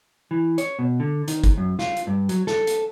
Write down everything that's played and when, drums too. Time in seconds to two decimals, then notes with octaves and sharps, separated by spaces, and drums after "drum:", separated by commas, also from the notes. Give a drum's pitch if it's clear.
0.31 E3
0.58 C#5, drum: hi-hat
0.79 B2
1.00 D3
1.28 D#3, drum: hi-hat
1.44 drum: kick, hi-hat
1.58 F#2
1.79 F4, drum: snare
1.97 drum: hi-hat
2.07 G2
2.29 F#3, drum: hi-hat
2.47 A4, drum: snare
2.67 drum: hi-hat